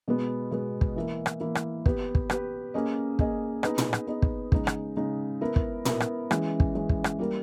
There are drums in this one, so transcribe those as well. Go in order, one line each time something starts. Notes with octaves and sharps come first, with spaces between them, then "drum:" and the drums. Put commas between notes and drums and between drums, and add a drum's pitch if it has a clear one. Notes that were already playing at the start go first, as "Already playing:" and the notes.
B2 G#3 B3
B2 G#3 B3
drum: kick
E3 A#3 E4 A#4
drum: rim click
E3 A#3 E4 A#4
drum: rim click
B3 G4 B4, drum: kick
drum: kick
B3 G4 B4, drum: rim click
A#3 C#4 G#4 D#5
A#3 C#4 G#4 D#5, drum: kick
B3 D#4 G#4 B4 D#5, drum: rim click
drum: tom
drum: rim click
B3 D#4 G#4 B4 D#5
drum: kick
C#3 G#3 D#4, drum: kick
drum: rim click
C#3 G#3 D#4
B3 E4 A#4
drum: kick
B3 E4 A#4, drum: tom
drum: rim click
E3 G#3 C#4, drum: rim click
drum: kick
E3 G#3 C#4
drum: kick
drum: rim click
G3 A#3 E4 A#4